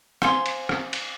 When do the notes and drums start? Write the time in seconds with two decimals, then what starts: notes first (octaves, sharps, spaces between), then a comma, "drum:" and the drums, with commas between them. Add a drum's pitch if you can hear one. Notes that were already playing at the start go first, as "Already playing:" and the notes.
0.22 C5 F5 G#5 C6, drum: rim click
0.46 drum: cymbal
0.69 drum: rim click
0.93 drum: cymbal